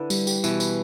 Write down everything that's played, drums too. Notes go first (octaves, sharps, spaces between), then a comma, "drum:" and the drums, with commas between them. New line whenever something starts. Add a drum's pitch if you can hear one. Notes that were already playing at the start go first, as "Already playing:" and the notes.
Already playing: D3 E4 B4
G3, drum: tambourine
G4, drum: tambourine
B2 E3 E4, drum: tambourine
B4, drum: tambourine